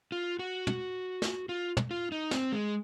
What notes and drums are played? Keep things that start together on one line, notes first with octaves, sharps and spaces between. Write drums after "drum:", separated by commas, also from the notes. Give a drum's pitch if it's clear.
F4
F#4
drum: tom
drum: snare
F4
drum: tom
F4
D#4
C4, drum: snare
G#3